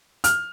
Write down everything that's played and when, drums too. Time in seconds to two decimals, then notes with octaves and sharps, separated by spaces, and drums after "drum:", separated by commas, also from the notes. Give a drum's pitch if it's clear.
0.24 F6, drum: hi-hat